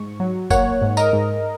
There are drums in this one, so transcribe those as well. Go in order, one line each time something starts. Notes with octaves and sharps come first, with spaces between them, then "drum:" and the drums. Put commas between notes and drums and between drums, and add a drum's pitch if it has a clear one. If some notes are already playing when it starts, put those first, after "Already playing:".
Already playing: G#2 C#6
F#3
A#3 C#5 F#5, drum: kick F#1, tambourine
G#2
A#4 D#5, drum: tambourine
G#2